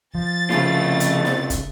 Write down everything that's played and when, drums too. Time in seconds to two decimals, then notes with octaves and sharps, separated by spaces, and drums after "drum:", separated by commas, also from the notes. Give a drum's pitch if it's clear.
0.15 F3 A6
0.50 C2 C#3 A3 F4, drum: snare
1.00 drum: hi-hat
1.25 drum: snare
1.50 drum: kick, hi-hat